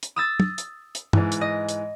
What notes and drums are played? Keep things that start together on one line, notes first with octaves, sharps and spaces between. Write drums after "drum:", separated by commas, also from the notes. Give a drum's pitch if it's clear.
drum: hi-hat
D#6 E6 A6
drum: tom
drum: hi-hat
drum: hi-hat
G#2 E3, drum: tom
drum: hi-hat
D#5
drum: hi-hat